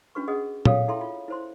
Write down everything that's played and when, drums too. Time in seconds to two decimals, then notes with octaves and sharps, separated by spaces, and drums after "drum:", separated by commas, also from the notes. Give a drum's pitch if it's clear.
0.15 C#4 D4 F#4 B4 C#6
0.27 G#4 D#5 F#5 D#6
0.65 A4 C#5 F5 G5 D#6, drum: tom A#2
0.88 E4 A4 E5 G5 A#5 C6
1.01 F4
1.28 E4 C5 C6